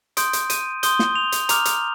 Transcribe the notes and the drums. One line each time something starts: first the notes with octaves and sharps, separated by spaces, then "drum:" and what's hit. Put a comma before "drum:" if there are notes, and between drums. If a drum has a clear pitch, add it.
C6 D#6 G6 D7, drum: hi-hat
drum: hi-hat
D#7, drum: hi-hat
C6 D#6 G6 G7, drum: hi-hat
drum: snare
F7
drum: hi-hat
A#5 D6 F6 F7, drum: hi-hat
drum: hi-hat